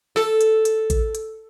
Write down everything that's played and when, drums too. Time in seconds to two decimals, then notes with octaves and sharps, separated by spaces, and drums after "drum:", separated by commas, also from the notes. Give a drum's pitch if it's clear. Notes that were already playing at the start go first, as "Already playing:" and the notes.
0.16 A4, drum: snare
0.41 drum: hi-hat
0.65 drum: hi-hat
0.90 drum: kick A1, hi-hat
1.15 drum: hi-hat